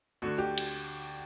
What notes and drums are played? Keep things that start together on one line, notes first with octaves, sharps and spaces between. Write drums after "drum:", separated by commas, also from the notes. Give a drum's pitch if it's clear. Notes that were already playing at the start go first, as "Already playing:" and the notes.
D2 D3 F#4
G4
drum: cymbal